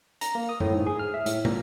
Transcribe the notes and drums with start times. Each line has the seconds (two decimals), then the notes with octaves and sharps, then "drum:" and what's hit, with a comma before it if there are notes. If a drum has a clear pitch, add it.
0.21 A#5, drum: hi-hat
0.35 A#3
0.49 D#6
0.60 A2, drum: tom F#2
0.73 G#2
0.86 G#4
0.99 F6
1.14 E5
1.26 A2, drum: hi-hat
1.45 A#2, drum: tom